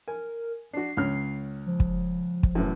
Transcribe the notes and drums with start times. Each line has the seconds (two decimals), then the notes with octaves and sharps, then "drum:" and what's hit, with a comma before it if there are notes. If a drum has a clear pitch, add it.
0.08 A#4 G#5
0.73 D4 F#4 C7
0.97 C#2 C#4 F6
1.67 F3
1.80 drum: kick
2.43 drum: kick
2.55 F#2 A2 E3